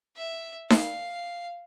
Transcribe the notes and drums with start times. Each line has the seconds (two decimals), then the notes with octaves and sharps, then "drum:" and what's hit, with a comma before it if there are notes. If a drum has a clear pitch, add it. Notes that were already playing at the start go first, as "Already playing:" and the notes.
0.17 E5
0.70 F5, drum: snare D#4